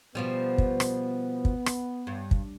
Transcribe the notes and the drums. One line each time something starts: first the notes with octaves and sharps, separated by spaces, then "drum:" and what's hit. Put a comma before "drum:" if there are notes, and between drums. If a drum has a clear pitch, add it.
B2 F3 G3 B3
drum: kick
drum: rim click
drum: kick
drum: rim click
G2
drum: kick